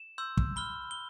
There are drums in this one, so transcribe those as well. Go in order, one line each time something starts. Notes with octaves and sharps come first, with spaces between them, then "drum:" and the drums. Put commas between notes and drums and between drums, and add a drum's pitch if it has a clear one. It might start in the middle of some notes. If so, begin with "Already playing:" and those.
Already playing: E7
C6 E6 G6
drum: kick
B5 F6 G7
G7